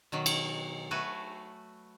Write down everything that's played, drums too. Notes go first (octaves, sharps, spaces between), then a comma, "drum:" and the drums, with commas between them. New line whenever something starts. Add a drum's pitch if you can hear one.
B2 D#3 F#3
drum: cymbal
A3 F#4 B4 G#5